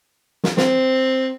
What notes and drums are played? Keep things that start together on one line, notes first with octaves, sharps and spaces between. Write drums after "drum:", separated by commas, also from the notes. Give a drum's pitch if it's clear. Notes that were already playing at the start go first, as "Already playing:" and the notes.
drum: snare
C4, drum: snare